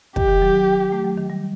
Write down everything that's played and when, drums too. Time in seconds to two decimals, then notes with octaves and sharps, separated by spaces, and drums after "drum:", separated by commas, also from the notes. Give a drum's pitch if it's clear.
0.16 D#3 G4, drum: kick
0.28 D#3
0.42 F#3
0.54 F#3
0.92 A3
1.04 F#3
1.18 D#3
1.30 G3